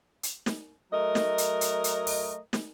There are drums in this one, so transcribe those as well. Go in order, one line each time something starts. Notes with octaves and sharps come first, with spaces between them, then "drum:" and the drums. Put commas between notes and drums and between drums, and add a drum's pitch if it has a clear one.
drum: hi-hat
drum: snare
F#3 A3 A#4 D#5
drum: snare
drum: hi-hat
drum: hi-hat
drum: hi-hat
drum: open hi-hat
drum: snare